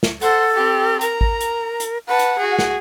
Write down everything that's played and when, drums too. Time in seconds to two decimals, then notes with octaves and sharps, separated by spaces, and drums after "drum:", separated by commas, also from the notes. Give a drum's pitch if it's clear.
0.03 drum: snare
0.21 A4 C5 F#5, drum: hi-hat
0.54 C4 G4
1.01 A#4 A#5, drum: hi-hat
1.21 drum: kick G#1
1.41 drum: hi-hat
1.80 drum: hi-hat
2.07 B4 F#5 A5
2.19 drum: hi-hat
2.39 F#4 G#4
2.59 drum: snare